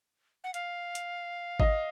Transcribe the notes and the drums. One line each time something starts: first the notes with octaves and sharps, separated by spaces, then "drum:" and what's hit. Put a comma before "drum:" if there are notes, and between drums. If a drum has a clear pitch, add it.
F#5
F5, drum: hi-hat
drum: hi-hat
D#5, drum: kick G#1